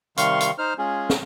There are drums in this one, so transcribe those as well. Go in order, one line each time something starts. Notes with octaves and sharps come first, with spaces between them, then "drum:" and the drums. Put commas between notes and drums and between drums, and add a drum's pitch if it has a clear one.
C3 D#3 G3 F5 C6 C#6, drum: hi-hat
drum: hi-hat
D#4 C5 F6
G#3 C#4 F4 G#4
drum: snare